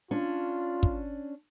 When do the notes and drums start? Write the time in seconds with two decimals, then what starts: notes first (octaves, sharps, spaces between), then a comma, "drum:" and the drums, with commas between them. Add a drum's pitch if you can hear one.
0.11 C#4 D4 F4
0.83 drum: kick